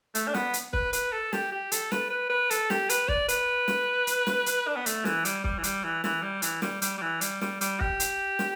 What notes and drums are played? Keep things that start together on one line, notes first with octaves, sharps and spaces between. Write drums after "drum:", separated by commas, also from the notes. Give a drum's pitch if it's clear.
A3, drum: hi-hat
D4
B3, drum: snare
drum: hi-hat
B4, drum: kick
B4, drum: hi-hat
A4
G4, drum: snare
G4
A4, drum: hi-hat
B4, drum: snare
B4
B4
A4, drum: hi-hat
G4, drum: snare
B4, drum: hi-hat
D5, drum: kick
B4, drum: hi-hat
drum: snare
drum: hi-hat
drum: snare
drum: hi-hat
D4
B3
A3, drum: hi-hat
E3, drum: snare
G3, drum: hi-hat
G3, drum: kick
E3
G3, drum: hi-hat
E3
E3, drum: snare
G3
E3, drum: hi-hat
G3, drum: snare
G3, drum: hi-hat
G3
E3
G3, drum: hi-hat
G3, drum: snare
G3, drum: hi-hat
G4, drum: kick
drum: hi-hat
drum: snare